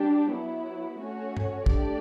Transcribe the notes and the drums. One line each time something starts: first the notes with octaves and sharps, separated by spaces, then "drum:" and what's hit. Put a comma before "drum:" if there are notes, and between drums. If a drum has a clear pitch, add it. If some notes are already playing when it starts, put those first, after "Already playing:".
Already playing: G3 D4 G4
F#3 B3 E4
A3 C#4 F#4 C#5
drum: tom G2
A3 D4 G4 D5, drum: kick